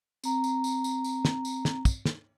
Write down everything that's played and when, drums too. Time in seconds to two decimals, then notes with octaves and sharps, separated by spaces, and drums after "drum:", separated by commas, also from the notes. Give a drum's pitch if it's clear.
0.24 C4 A#5, drum: tambourine
0.44 drum: tambourine
0.64 drum: tambourine
0.84 drum: tambourine
1.04 drum: tambourine
1.25 drum: snare
1.45 drum: tambourine
1.65 drum: snare
1.85 drum: kick, tambourine
2.06 drum: snare